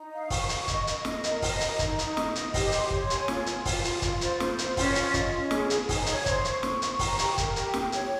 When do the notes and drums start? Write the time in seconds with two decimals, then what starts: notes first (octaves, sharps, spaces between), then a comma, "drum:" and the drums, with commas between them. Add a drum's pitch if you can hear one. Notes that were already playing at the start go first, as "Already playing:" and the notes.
Already playing: D#4
0.13 F5
0.30 C#6, drum: kick, open hi-hat
0.49 C#6, drum: hi-hat
0.68 D#5, drum: kick, hi-hat
0.87 D#5, drum: hi-hat
1.05 D#5, drum: snare
1.24 A#4, drum: hi-hat
1.42 D#5, drum: kick, open hi-hat
1.61 A#5, drum: hi-hat
1.79 D#4, drum: kick, hi-hat
1.99 D#4, drum: hi-hat
2.17 D#5, drum: snare
2.35 D#5, drum: hi-hat
2.54 G4, drum: kick, open hi-hat
2.72 C6, drum: hi-hat
2.90 C#5, drum: kick
3.10 G#5, drum: hi-hat
3.28 F4, drum: snare
3.46 F4, drum: hi-hat
3.65 F4, drum: kick, open hi-hat
3.84 F4, drum: hi-hat
4.02 F4, drum: kick, hi-hat
4.21 C5, drum: hi-hat
4.40 C5, drum: snare
4.58 F4, drum: hi-hat
4.77 C#4, drum: kick, open hi-hat
4.95 F4, drum: hi-hat
5.14 D#5, drum: kick, hi-hat
5.33 C#4
5.51 G#4, drum: snare
5.70 G#5, drum: hi-hat
5.89 D#4, drum: kick, open hi-hat
6.06 C#5, drum: hi-hat
6.26 C5, drum: kick, hi-hat
6.45 C#6, drum: hi-hat
6.63 C#6, drum: snare
6.82 C#6, drum: hi-hat
6.99 A#5, drum: kick, open hi-hat
7.19 G4, drum: hi-hat
7.38 A#4, drum: kick, hi-hat
7.56 G4, drum: hi-hat
7.74 G5, drum: snare
7.92 C#5, drum: hi-hat